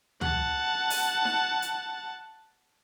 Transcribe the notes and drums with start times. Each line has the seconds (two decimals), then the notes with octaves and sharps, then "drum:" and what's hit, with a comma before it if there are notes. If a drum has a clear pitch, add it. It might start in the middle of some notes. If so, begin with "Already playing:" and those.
0.21 F#5 A5, drum: tom D2
0.90 drum: open hi-hat
1.25 drum: snare D#4
1.62 drum: hi-hat